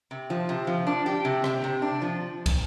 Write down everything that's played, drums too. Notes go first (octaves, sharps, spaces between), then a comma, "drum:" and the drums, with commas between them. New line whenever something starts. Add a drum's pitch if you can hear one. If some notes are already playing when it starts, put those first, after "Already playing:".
C3
F3
C3
F3
D4
G4
C3
C3, drum: rim click
C3
D4
F3
drum: kick, cymbal